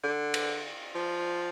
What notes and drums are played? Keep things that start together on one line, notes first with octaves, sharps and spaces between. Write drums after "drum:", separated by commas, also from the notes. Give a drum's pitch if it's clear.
D3
drum: cymbal
F3